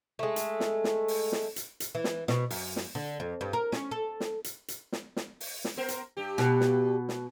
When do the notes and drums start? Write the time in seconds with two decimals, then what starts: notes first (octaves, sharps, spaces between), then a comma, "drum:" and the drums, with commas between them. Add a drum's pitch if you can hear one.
0.19 G#3 A3
0.36 drum: hi-hat
0.60 drum: snare
0.84 drum: snare
1.08 drum: open hi-hat
1.32 drum: snare
1.56 drum: hi-hat
1.80 drum: hi-hat
1.95 E3
2.04 drum: snare
2.28 B2, drum: snare
2.51 F#2, drum: open hi-hat
2.76 drum: snare
2.95 D3
3.20 F2
3.41 G2
3.53 A#4
3.72 C#4, drum: snare
3.91 A4
4.20 drum: snare
4.44 drum: hi-hat
4.68 drum: hi-hat
4.92 drum: snare
5.16 drum: snare
5.40 drum: open hi-hat
5.64 drum: snare
5.77 B3 A#4 C5
5.89 drum: hi-hat
6.17 G2 G4
6.38 B2, drum: snare
6.61 drum: snare
7.09 drum: snare